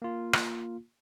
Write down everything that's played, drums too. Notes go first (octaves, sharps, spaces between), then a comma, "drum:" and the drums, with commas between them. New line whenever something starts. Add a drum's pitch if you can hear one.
A#3 F4
drum: rim click